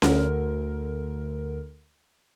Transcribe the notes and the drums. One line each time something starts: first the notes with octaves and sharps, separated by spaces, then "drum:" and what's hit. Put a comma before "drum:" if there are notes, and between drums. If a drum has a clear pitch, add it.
D2 D3 A#4, drum: snare C#4